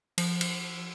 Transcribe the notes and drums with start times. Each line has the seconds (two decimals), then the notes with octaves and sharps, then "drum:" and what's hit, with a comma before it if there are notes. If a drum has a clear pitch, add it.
0.18 F3, drum: cymbal
0.41 drum: cymbal